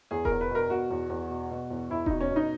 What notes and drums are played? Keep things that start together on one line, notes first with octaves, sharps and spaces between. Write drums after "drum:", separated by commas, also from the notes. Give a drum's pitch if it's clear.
E2 G#4
A#4, drum: kick D#1
E2
B4
B2 A#4
B2 F#4
E2
E2
B2
B2
E2
E2 E4
B2 D#4, drum: kick D#1
C#4
B2
D#4